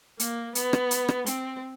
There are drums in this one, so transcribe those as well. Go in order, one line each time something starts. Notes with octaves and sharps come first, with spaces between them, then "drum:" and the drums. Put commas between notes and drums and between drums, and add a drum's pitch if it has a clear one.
A#3, drum: hi-hat
B3, drum: hi-hat
drum: rim click
drum: hi-hat
drum: rim click
C4, drum: hi-hat